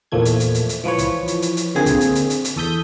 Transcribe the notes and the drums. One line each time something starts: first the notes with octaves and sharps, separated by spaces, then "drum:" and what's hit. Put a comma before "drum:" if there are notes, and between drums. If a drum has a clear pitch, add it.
E2 A#2 F3 A3 G#6
drum: hi-hat
drum: hi-hat
drum: hi-hat
drum: hi-hat
E3 F3 B4 C#5
drum: kick, hi-hat
drum: hi-hat
drum: hi-hat
drum: hi-hat
D3 A#3 C4 G#4
drum: kick, hi-hat
drum: hi-hat
drum: hi-hat
drum: hi-hat
drum: hi-hat
E2 A4 D#6 G6 B6